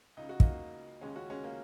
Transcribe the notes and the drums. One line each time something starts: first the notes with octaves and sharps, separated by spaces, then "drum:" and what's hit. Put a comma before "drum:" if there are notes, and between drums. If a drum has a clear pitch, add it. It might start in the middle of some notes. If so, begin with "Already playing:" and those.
C#2 C#3 D#4
F#4
A#3 D#4, drum: kick
D#2 C#3 G#3 C#4
C#4 F#4
G#3 C#4
A#3